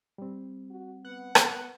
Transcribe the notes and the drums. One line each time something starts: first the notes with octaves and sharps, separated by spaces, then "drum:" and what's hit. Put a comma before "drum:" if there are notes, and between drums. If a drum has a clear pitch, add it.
G3 C4
F#4
B3 F#5
B3, drum: rim click